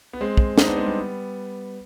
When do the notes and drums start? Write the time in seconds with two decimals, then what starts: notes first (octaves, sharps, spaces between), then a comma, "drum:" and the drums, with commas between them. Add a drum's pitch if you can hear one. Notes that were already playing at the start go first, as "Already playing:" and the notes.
0.13 B3
0.21 G#3 C4
0.37 drum: kick
0.58 C4 D#4, drum: snare
0.67 B3 D4
0.77 G#3 C4
0.86 G3 B3